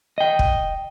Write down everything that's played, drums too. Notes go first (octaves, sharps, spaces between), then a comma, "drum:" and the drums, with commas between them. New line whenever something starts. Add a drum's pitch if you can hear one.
D#5 G5
drum: kick